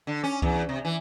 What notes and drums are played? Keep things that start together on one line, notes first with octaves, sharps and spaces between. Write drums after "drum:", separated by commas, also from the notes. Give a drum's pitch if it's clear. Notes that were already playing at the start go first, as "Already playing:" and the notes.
D3
C#4
E2, drum: kick C#2
C3
E3